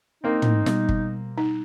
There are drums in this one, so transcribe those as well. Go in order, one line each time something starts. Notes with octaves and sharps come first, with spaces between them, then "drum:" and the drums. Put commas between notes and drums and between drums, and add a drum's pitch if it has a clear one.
A#3 C4 D#4
drum: tom
B2 G3, drum: snare
drum: kick
D#4